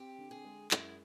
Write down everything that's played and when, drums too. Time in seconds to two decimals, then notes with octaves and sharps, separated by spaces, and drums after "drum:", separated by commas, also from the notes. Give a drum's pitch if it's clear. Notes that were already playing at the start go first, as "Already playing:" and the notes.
Already playing: C4 G4
0.18 D3
0.31 G#4
0.45 G#3
0.71 F#2 E4, drum: clap